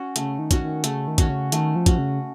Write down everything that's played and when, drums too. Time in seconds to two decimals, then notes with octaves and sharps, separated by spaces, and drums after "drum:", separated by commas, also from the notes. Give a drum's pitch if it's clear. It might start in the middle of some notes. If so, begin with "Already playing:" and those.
Already playing: C#4 F#4
0.16 C#3 A3, drum: hi-hat
0.39 D#3
0.51 C#4 F#4, drum: kick, hi-hat
0.62 D#3
0.84 C#3 A3, drum: hi-hat
1.08 D#3
1.18 C#4 F#4, drum: kick, hi-hat
1.29 C#3
1.52 D#3 A3, drum: hi-hat
1.75 F3
1.86 C#4 F#4, drum: kick, hi-hat
1.98 C#3